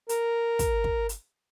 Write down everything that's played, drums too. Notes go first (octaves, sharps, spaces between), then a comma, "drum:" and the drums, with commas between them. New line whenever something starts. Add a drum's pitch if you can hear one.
A#4, drum: hi-hat
drum: kick, hi-hat
drum: kick
drum: hi-hat